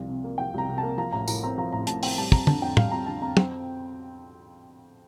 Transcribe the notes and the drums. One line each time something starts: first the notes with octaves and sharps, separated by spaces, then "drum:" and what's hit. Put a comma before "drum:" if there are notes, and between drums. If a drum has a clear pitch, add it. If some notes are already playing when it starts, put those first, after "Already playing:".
Already playing: C2 F3
C3
A#3
F3 G5
C2 A#5
C3
A#3 A5
F3 A#5
A1 A#5
A2 A#5, drum: tambourine
C4 A#5
F3 A#5
A1 A#5
A2 A5, drum: hi-hat
C4 G5, drum: open hi-hat
G3 A5
F2 A#5, drum: kick
D3 A5, drum: tom
F2 G5
G3 F5, drum: tom
F2 A#5
D3 A5
F2 A#5
C4 G5, drum: tom